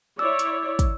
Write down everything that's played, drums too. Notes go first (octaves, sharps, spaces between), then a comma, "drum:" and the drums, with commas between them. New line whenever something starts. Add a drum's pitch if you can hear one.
E4 C#5 D5 E6
drum: hi-hat
drum: kick, hi-hat